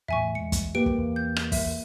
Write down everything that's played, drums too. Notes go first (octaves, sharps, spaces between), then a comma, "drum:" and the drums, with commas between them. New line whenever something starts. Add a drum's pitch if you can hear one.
E2 A2 E5 G#5 C#6
E2 G#3 C#7
drum: kick, hi-hat
A#3 G4 B4 D7
drum: kick
E2
G6
drum: rim click
E5, drum: kick, open hi-hat